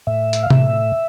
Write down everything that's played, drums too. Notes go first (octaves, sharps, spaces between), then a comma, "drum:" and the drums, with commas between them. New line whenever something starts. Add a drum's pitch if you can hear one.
A2 E5
drum: hi-hat
F5
A2 E5, drum: tom